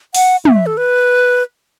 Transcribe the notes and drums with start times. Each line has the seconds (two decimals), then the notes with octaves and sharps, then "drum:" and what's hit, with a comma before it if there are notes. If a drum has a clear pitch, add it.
0.15 F#5, drum: open hi-hat
0.45 E5, drum: tom
0.66 A4
0.77 B4